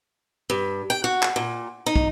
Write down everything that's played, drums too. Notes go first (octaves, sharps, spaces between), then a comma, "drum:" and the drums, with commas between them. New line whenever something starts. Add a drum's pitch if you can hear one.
G2
G5
F#4
drum: clap
A#2
D#4
drum: kick